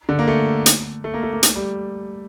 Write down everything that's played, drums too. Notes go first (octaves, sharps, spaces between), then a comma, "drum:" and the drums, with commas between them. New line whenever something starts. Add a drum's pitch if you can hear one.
D3
A#3
A3
drum: hi-hat
A3
A#3
A3
A#3
A3, drum: hi-hat
G3